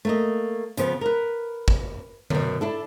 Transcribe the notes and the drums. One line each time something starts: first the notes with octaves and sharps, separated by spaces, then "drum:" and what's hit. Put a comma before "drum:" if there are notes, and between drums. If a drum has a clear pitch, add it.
A3 A#3 D#5
C#3 F3 B3, drum: hi-hat
A#4 B4
drum: kick
F#2 B2, drum: tom D3
D4 E4 A4